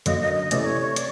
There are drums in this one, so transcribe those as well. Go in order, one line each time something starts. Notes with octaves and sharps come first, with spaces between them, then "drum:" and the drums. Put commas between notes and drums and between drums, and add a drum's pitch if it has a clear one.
F#2 D3 F#3 A#3 D#5, drum: hi-hat
D#5
D#5
C3 E3 A3 C#4 D5, drum: hi-hat
C#5
C#5
D5, drum: hi-hat